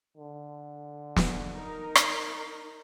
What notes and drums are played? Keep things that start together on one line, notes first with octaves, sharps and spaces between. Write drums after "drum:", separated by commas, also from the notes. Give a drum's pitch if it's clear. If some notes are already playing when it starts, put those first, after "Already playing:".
D3
drum: snare
D#4 A#4
drum: rim click